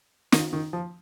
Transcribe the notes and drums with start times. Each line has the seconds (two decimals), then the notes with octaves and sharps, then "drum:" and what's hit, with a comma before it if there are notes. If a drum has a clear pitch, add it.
0.32 D#3, drum: snare
0.53 D#3
0.73 F3